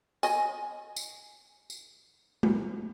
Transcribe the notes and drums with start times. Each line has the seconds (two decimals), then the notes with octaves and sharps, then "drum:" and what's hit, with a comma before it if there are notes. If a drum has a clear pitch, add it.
0.23 D#5 G#5, drum: tambourine
0.96 drum: tambourine
1.70 drum: tambourine
2.43 drum: tom G#3